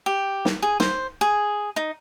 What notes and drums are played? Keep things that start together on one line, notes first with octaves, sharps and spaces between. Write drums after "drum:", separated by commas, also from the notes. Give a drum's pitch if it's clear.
G4
drum: snare
G#4
C5, drum: snare
G#4
D#4